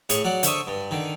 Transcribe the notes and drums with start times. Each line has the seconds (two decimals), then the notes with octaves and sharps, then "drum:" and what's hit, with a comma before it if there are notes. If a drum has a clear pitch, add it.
0.09 A2 G#4 C#6, drum: hi-hat
0.24 F#3 D5 F#5
0.43 D3 C5 E5 C#6 D#6, drum: hi-hat
0.67 G2
0.91 D3 D#3